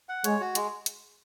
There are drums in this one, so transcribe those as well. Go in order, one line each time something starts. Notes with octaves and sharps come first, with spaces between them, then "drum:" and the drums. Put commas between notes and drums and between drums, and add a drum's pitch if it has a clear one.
F#5
G#3 C#5, drum: hi-hat
F#4
G#3, drum: hi-hat
drum: hi-hat